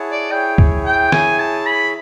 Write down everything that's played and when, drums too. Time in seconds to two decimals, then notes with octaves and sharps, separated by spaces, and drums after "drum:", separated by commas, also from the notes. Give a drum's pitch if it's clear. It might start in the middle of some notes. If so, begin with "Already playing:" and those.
Already playing: E4 G#4 C#5 F#5 A5
0.11 D5
0.31 E4 G#4 C#5 G5
0.58 drum: kick
0.85 G5
1.12 E4 G#4 C#5 G#5, drum: snare
1.39 A5
1.66 B5